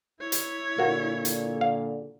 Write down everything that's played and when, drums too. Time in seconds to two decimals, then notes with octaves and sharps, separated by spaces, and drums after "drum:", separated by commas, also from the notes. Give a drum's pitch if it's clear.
0.21 E4 C#5
0.32 drum: hi-hat
0.78 A#2 D3 A#3 F#4
1.25 drum: hi-hat
1.61 F5